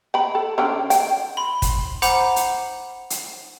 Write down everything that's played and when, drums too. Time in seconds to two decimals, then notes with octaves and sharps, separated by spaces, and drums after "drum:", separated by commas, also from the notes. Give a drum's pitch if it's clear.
0.14 G5 B5
0.35 A4
0.58 D3 C#4 G5
0.90 G5, drum: hi-hat
1.37 B5 C6
1.62 drum: kick, hi-hat
2.02 C5 F#5 A#5 B5 D6, drum: hi-hat
2.36 drum: hi-hat
3.10 drum: hi-hat